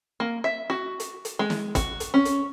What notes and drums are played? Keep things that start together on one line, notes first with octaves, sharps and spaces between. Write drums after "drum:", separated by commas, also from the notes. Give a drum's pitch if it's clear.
A#3
E5
F#4
drum: hi-hat
drum: hi-hat
G#3
drum: snare
F#4, drum: kick, hi-hat
drum: hi-hat
C#4
drum: hi-hat